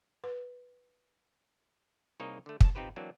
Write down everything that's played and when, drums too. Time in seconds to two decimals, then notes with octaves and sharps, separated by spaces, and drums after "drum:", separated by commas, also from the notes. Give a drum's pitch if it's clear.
0.24 B4
2.20 C2 A#3 D#4 G#4 C#5 D#5
2.46 D3 A3
2.61 C#3 A5, drum: kick
2.75 C4 D#4 F4 G4 B4 C5
2.96 E3 F#3 A#3 C4 D4